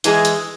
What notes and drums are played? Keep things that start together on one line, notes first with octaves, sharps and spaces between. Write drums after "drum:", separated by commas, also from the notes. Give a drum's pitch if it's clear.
E3 G#3 D4 G#4, drum: hi-hat
drum: hi-hat